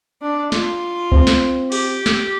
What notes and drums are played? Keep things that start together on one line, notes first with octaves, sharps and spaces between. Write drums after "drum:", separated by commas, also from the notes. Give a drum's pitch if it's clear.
D4
F4, drum: snare
C4, drum: kick C2
drum: snare
G4, drum: open hi-hat
drum: snare